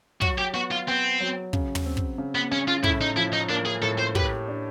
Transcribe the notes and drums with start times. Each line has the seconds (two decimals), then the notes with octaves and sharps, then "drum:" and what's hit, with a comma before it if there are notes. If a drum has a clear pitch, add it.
0.21 F#3 F#4, drum: kick
0.38 G4
0.54 B3 F#4
0.71 F4
0.88 B3 C4
1.20 F#3
1.53 C#3, drum: kick
1.75 drum: tom
1.86 C4
1.97 drum: kick
2.18 C#3
2.35 B3
2.51 C#3 C#4
2.68 F4
2.84 A2 E4, drum: kick
3.01 D#4
3.16 F3 E4
3.33 D#4
3.49 A#3 D4
3.66 G#4
3.82 A2 A4
3.99 C5
4.15 G4 B4, drum: kick
4.48 D4